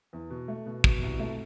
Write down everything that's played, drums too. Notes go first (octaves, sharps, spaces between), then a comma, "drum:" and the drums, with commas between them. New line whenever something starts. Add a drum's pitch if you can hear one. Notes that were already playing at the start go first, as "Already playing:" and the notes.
E2
B2
A3
B2
B2, drum: kick
C2
A3